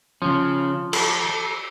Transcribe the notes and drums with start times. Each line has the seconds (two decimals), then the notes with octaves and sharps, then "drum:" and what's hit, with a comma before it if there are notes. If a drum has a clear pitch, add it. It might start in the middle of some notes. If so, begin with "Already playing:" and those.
0.22 C#3 F3 C#4
0.93 A4, drum: cymbal